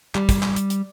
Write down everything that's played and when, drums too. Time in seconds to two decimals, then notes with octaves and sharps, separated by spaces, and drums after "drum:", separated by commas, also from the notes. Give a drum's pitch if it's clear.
0.15 G3, drum: clap
0.29 drum: kick, hi-hat
0.43 drum: clap
0.56 drum: hi-hat
0.70 drum: hi-hat